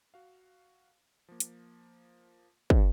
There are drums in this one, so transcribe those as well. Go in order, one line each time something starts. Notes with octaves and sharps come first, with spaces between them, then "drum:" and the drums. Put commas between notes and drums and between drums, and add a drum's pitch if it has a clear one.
F#4 F5
F3 A#3
drum: hi-hat
drum: kick